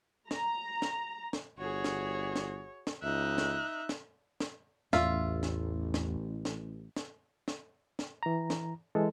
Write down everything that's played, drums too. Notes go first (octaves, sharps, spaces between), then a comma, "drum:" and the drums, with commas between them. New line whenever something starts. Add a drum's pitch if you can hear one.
A#5, drum: snare
drum: snare
drum: snare
G1 F#4 G#4 C#5
drum: snare
drum: snare
drum: snare
C#2 D#4 E5 F#6
drum: snare
drum: snare
drum: snare
A1 E2 F4 E5, drum: snare
drum: snare
drum: snare
drum: snare
drum: snare
drum: snare
drum: snare
E3 A#5
drum: snare
E3 G#3 A4